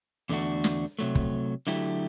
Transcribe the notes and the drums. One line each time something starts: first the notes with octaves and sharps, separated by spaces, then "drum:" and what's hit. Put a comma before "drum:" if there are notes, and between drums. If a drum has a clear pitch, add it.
E2 D3 A3 D4 F#4
drum: snare
C3 F#3 A3
drum: kick
D3 F#3 A3 E4 G4